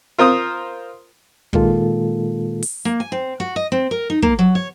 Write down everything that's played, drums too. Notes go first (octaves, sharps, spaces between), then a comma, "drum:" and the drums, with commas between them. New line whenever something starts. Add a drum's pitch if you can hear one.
F4 A#4 C5 D#6
A#2 D#3 G#3 A#3 F4 A4, drum: kick
drum: open hi-hat
A#3
G#5
C4
F#4
D#5
C4
A#4
D#4
A#3, drum: kick
F#3
C#5